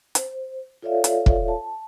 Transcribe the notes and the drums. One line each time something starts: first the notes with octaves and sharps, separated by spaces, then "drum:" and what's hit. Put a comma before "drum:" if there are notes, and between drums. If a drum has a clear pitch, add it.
C5, drum: hi-hat
F4 A4 C#5 D5 E5 F5
drum: hi-hat
drum: kick
A5